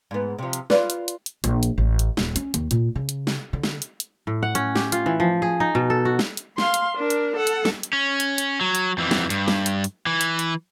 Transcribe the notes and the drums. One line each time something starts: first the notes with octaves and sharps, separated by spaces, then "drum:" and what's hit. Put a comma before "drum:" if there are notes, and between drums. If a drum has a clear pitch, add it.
G#2 B3
C3 F3
drum: hi-hat
F4 B4 D5, drum: snare
drum: hi-hat
drum: hi-hat
drum: hi-hat
A#1, drum: hi-hat
drum: hi-hat
A1
drum: hi-hat
D#1, drum: snare
C#4, drum: hi-hat
D#2, drum: hi-hat
A#2, drum: hi-hat
C#3
drum: hi-hat
drum: snare
D3
drum: snare
drum: hi-hat
drum: hi-hat
A2
F#5
C#4, drum: hi-hat
G4, drum: snare
F4, drum: hi-hat
E3
F3
G#4
D#4
B2
A4
F#4
drum: snare
drum: hi-hat
F5 C6, drum: snare
drum: hi-hat
D4 A#4
drum: hi-hat
A4 F#5
drum: hi-hat
drum: snare
drum: hi-hat
C#4
drum: hi-hat
drum: hi-hat
F#3
drum: hi-hat
F2 E3
drum: snare
G2, drum: hi-hat
drum: snare
drum: hi-hat
drum: hi-hat
E3
drum: hi-hat
drum: hi-hat